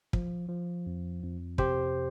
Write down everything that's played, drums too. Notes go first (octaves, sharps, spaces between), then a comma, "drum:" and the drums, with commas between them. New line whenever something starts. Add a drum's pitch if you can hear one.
F3, drum: kick
F3
F2
F2
C3 G4 C5, drum: kick